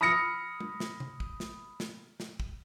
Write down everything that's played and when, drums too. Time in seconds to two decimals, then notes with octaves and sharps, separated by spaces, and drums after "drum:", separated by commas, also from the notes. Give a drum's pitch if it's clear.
0.01 B5 D#6 F6 A#6 C#7
0.60 drum: tom G#3
0.80 drum: snare
1.00 drum: tom C3
1.20 drum: kick
1.40 drum: snare
1.80 drum: snare
2.20 drum: snare
2.40 drum: kick